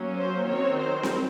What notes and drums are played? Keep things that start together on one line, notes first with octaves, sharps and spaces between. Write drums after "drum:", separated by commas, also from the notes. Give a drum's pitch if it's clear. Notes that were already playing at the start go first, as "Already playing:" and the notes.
Already playing: F#3 A#3 C#4
C5
D#3 F#3 C4 C#5
C5
drum: snare C4